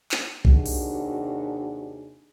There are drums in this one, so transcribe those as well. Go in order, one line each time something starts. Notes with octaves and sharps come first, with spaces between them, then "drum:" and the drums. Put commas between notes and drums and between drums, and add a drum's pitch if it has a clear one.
drum: clap
D#2 C3 D4 D#4 F#4 G#4, drum: kick B1
drum: open hi-hat